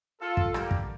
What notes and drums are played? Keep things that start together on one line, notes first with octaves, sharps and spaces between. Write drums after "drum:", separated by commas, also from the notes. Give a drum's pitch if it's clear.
F4 A4
drum: kick
D3 G3 A#3, drum: rim click
drum: kick